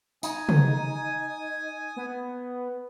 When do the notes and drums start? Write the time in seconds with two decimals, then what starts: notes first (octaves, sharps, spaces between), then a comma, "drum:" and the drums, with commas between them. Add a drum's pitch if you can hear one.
0.23 D#4 G#5 D#6, drum: tambourine
0.49 drum: tom
1.96 B3